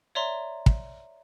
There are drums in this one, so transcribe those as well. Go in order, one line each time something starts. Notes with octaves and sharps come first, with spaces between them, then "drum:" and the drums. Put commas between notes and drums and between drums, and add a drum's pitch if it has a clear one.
C#5 D5 E5 A#5 C6
drum: kick